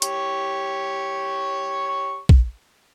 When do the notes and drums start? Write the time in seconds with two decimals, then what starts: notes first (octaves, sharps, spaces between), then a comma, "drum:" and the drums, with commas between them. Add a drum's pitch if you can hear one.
0.02 G4 C#5 C#6, drum: hi-hat
2.29 drum: kick A#1